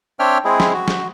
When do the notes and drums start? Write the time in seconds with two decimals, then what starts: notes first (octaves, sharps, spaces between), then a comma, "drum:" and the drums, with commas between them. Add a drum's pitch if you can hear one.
0.19 C4 D4 C#5 E5 G5 F6
0.45 G#3 C4 E4 G#4
0.60 drum: snare
0.74 F#4
0.88 drum: snare